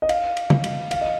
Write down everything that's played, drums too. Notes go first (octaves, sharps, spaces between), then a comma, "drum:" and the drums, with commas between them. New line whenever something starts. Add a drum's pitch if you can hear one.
D#5
F5, drum: cymbal
drum: cymbal
drum: tom C#3
drum: cymbal
F5, drum: cymbal
D#5